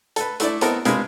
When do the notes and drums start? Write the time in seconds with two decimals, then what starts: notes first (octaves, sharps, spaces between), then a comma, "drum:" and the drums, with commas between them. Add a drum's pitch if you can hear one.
0.16 A4 B4, drum: hi-hat
0.40 A3 E4 D5, drum: hi-hat
0.61 B3 C4 E4 A4 A#4 D#5, drum: hi-hat
0.85 C3 G#3 F4 G#4 A#4 B4, drum: hi-hat